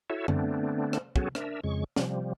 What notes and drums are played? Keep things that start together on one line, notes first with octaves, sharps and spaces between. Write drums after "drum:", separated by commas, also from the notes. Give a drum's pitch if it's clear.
E4 F#4 A4 C#5 E5
D3 A3 B3 C4 D4, drum: tom F#2
drum: rim click
F#3 B3 C#4 F#4 G#4 A4, drum: kick
D4 A#4 E5, drum: rim click
F2 C#3 G#3 C#6
C3 F3 G3, drum: snare